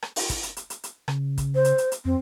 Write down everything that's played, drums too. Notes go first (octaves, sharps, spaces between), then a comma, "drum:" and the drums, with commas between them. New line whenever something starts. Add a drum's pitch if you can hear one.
drum: rim click
drum: open hi-hat
drum: kick, hi-hat
drum: hi-hat
drum: hi-hat
drum: hi-hat
drum: hi-hat
C#3, drum: rim click
drum: kick, hi-hat
C5
drum: hi-hat
drum: hi-hat
drum: hi-hat
F2 C4